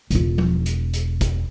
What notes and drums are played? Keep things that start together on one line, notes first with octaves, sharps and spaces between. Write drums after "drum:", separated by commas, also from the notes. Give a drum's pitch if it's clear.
E1 F4, drum: hi-hat
drum: tom F3
drum: hi-hat
drum: hi-hat
drum: kick, hi-hat